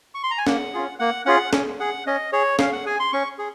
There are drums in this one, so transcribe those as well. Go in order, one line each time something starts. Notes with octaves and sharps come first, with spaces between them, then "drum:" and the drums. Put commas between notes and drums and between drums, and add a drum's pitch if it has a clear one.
C#6
C6
A#5
G#5
A#3 F#5, drum: snare
C#4 F4 G#4
A#3 F#5
C#4 F4 G#4 F#5
C#4, drum: snare
G#4 F#5
C#4 D#5
G#4 C#5
C#4 F5, drum: snare
F#5
G#4 G#5
C6
C#4 C#6
G#4